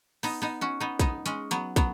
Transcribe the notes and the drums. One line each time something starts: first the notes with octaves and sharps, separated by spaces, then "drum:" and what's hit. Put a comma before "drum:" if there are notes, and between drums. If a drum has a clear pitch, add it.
B3 D#4, drum: open hi-hat
B3 D#4
C#4 F#4
B3 D#4
B3 D#4, drum: kick, hi-hat
G#3 C#4, drum: hi-hat
F#3 B3, drum: hi-hat
F#3 B3, drum: kick, hi-hat